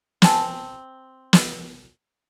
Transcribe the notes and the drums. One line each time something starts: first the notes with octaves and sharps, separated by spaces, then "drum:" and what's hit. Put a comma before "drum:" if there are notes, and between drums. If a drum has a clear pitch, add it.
C4 G#5 A5, drum: snare
drum: snare